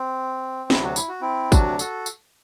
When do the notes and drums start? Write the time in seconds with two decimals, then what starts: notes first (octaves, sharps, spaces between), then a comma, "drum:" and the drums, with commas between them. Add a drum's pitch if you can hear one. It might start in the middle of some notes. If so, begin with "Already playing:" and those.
Already playing: C4
0.70 D2 C3 F#3 E4, drum: snare
0.83 F#4
0.96 E4, drum: tambourine
1.08 F#4
1.21 C4 E4
1.52 D2 C3 F#3 D4 F#4, drum: kick, tambourine
1.79 F#4 A4, drum: tambourine
2.06 drum: tambourine